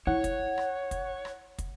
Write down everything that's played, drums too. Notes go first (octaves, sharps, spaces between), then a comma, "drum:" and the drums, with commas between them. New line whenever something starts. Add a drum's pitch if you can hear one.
E4 C#5 F#5
drum: kick, hi-hat
drum: rim click
drum: kick, hi-hat
drum: rim click
drum: kick, hi-hat